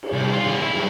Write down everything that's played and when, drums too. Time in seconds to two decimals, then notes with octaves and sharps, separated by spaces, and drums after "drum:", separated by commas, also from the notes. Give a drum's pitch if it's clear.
0.03 drum: cymbal
0.12 C2
0.32 F4
0.46 D3 B3
0.61 E4
0.75 G2